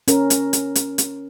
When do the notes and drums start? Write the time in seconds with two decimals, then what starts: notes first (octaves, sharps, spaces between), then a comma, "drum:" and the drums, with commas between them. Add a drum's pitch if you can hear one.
0.08 C#4 A#4, drum: hi-hat
0.30 drum: hi-hat
0.53 drum: hi-hat
0.75 drum: hi-hat
0.98 drum: hi-hat